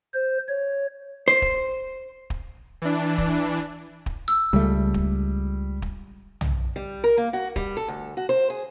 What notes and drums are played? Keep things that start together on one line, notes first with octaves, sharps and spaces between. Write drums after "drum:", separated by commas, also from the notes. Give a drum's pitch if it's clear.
C5
C#5
C5
drum: kick
drum: kick
E3 D4
drum: kick
drum: kick
E6
C#2 G3 A3
drum: kick
drum: kick
drum: tom
G3
A#4
A#3
F#4
G3, drum: kick
A4
D2
F#4
C5
G#4